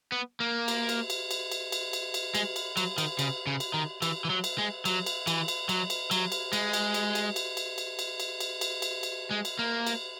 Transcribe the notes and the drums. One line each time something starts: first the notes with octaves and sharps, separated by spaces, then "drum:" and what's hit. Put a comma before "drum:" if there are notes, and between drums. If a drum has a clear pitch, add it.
B3
A#3
drum: cymbal
drum: cymbal
drum: cymbal
drum: cymbal
drum: cymbal
drum: cymbal
drum: cymbal
drum: cymbal
G#3, drum: cymbal
drum: cymbal
F#3, drum: cymbal
D#3, drum: cymbal
C#3, drum: cymbal
C#3
drum: cymbal
D#3
E3, drum: cymbal
E3
F#3
drum: cymbal
G#3
F#3, drum: cymbal
drum: cymbal
E3, drum: cymbal
drum: cymbal
F#3, drum: cymbal
drum: cymbal
F#3, drum: cymbal
drum: cymbal
G#3, drum: cymbal
drum: cymbal
drum: cymbal
drum: cymbal
drum: cymbal
drum: cymbal
drum: cymbal
drum: cymbal
drum: cymbal
drum: cymbal
drum: cymbal
drum: cymbal
drum: cymbal
G#3
drum: cymbal
A#3
drum: cymbal